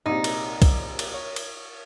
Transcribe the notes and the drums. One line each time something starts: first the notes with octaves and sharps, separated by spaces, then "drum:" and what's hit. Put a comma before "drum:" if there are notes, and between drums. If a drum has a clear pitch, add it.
A#1 C3 D#4
drum: cymbal
drum: kick, cymbal
drum: cymbal
C#5
drum: cymbal